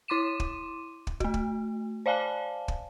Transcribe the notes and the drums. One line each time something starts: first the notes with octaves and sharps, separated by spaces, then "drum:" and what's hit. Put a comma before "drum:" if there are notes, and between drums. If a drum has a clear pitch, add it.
E4 C6 D6 D#7 E7
drum: kick
drum: kick
A3 F#4, drum: kick
drum: kick
C5 D5 F5 G#5 A5
drum: kick